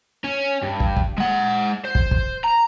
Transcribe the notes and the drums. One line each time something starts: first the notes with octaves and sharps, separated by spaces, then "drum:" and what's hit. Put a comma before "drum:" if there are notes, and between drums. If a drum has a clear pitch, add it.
C#4
G2
drum: kick
drum: kick
G#3 F#5
C5
drum: kick
drum: kick
A#5